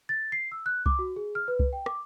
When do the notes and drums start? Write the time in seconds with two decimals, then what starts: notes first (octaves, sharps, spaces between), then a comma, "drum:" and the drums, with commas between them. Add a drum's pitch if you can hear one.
0.09 A6
0.32 C7
0.52 E6
0.66 F#6
0.86 D6, drum: kick C2
0.99 F#4
1.16 G#4
1.35 F6
1.48 B4
1.60 drum: kick C2
1.73 G5
1.86 D6, drum: rim click